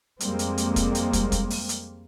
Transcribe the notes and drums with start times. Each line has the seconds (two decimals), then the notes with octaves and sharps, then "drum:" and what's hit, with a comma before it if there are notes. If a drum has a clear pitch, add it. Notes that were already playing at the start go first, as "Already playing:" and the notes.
0.20 F2 G3 G#3 A#3 C4, drum: hi-hat
0.39 drum: hi-hat
0.58 drum: hi-hat
0.76 drum: kick, hi-hat
0.95 drum: hi-hat
1.13 drum: kick, hi-hat
1.32 drum: kick, hi-hat
1.50 drum: open hi-hat
1.69 drum: hi-hat